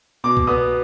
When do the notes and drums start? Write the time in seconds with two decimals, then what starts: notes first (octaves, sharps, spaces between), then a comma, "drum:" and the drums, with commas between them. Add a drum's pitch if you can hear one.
0.24 B2 D6
0.37 drum: kick C2
0.47 B3 D#6